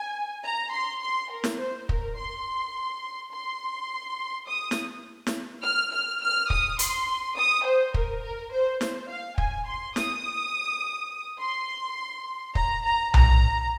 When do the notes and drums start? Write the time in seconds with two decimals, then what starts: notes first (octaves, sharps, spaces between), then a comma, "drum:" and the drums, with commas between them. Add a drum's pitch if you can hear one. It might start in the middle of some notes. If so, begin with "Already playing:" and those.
Already playing: G#5
0.45 A#5
0.73 C6
1.02 C6
1.31 A#4
1.44 drum: snare
1.60 C5
1.89 A#4, drum: kick
2.18 C6
3.33 C6
4.48 D#6
4.71 drum: snare
5.27 drum: snare
5.63 F6
5.92 F6
6.22 F6
6.50 D#6, drum: kick
6.79 C6, drum: hi-hat
7.37 D#6
7.65 C5
7.94 A#4, drum: kick
8.23 A#4
8.52 C5
8.81 C5, drum: snare
9.09 F5
9.38 G#5, drum: kick
9.67 C6
9.96 D#6, drum: snare
11.40 C6
12.55 A#5, drum: kick
12.85 A#5
13.14 A#5, drum: tom B1